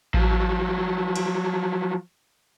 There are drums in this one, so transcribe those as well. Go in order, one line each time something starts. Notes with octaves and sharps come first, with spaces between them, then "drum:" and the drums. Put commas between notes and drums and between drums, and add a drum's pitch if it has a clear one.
F3 F#3, drum: kick A1
drum: cymbal